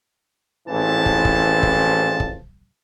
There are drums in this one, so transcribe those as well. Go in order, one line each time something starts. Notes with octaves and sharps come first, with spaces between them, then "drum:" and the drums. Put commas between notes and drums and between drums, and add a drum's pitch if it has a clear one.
A1 G#2 E3 F3 C4 A5
drum: kick
drum: kick
drum: kick
drum: kick